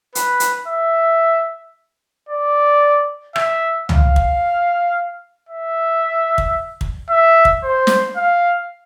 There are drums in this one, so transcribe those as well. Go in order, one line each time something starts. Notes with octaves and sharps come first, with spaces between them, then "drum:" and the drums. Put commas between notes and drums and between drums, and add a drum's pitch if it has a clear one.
B4, drum: hi-hat
drum: hi-hat
E5
D5
E5, drum: rim click
F5, drum: tom C#2
drum: kick
E5
drum: kick
drum: kick
E5
drum: kick
C5
drum: snare
F5